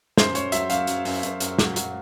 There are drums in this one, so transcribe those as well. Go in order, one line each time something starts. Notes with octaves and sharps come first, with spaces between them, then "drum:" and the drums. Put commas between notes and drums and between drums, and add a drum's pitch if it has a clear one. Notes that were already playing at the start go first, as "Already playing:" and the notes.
F#2 C5, drum: snare
F#2 C#5, drum: hi-hat
F#3 E5, drum: hi-hat
F#2 F5, drum: hi-hat
F#2, drum: hi-hat
F#2, drum: open hi-hat
F#2, drum: hi-hat
F#2, drum: hi-hat
F#3, drum: snare
F#3, drum: hi-hat